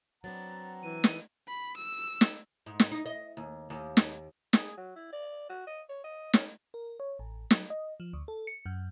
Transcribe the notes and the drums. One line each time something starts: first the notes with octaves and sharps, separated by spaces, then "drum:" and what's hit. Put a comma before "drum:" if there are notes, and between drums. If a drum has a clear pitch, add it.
F#3 B3 C4 D4 F#5 A#5 A6
E3 D#7
drum: snare
B5
E6
drum: snare
G#2
drum: snare
D#4
D#5
D#2
D#2
drum: snare
G#4, drum: snare
F#3
E4
D5
F#4
D#5
C#5
D#5
C#4, drum: snare
A#4
C#5
A1
F#3, drum: snare
D#5
F3
D2
A4
C#7
F#2